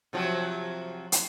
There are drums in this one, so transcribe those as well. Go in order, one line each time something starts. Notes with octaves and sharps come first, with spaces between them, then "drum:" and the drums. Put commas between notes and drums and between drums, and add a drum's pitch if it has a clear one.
C3 F3 F#3
drum: hi-hat